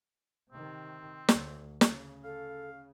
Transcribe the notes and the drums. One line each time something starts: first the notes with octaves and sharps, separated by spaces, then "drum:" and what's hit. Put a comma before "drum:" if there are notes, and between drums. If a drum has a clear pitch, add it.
C3 D#3 C4
D2, drum: snare
C#3, drum: snare
A4 F5